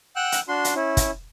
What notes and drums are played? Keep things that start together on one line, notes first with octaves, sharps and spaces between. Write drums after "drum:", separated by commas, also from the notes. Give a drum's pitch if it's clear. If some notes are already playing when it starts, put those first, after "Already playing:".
F#5 G5 E6 F#6
drum: hi-hat
D4 F#4 C6
drum: hi-hat
C#4 E4
drum: kick, hi-hat